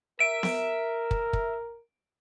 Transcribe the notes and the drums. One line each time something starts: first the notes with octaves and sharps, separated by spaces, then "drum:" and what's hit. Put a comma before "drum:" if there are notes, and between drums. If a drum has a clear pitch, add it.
A#4 E5 D7
drum: snare B3
drum: kick
drum: kick